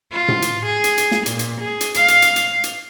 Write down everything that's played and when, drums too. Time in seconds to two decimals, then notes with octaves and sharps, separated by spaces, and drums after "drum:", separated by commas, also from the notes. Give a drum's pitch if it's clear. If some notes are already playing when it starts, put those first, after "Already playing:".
0.11 F4
0.28 drum: tom A2
0.42 drum: hi-hat
0.65 G#4
0.84 drum: hi-hat
0.98 drum: hi-hat
1.11 drum: snare
1.26 A#2, drum: hi-hat
1.39 drum: hi-hat
1.60 G#4
1.81 drum: hi-hat
1.94 F5, drum: hi-hat
2.08 drum: hi-hat
2.22 drum: hi-hat
2.36 drum: hi-hat
2.64 drum: hi-hat